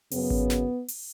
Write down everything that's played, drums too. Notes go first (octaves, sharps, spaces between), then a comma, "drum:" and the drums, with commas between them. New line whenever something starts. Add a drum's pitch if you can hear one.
F#2 C#3 F#3 B3, drum: open hi-hat
drum: kick G#1
drum: snare
drum: open hi-hat